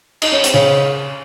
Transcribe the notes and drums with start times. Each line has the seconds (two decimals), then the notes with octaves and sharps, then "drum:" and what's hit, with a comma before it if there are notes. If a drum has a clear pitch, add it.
0.22 D#4, drum: cymbal
0.32 C#4
0.44 C4, drum: hi-hat
0.54 C#3 C#4